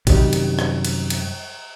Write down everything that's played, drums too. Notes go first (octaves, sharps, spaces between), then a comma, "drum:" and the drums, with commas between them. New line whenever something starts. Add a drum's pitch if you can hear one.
F#2 C3 D#3 G3, drum: kick, cymbal
drum: cymbal
drum: rim click
drum: cymbal
drum: cymbal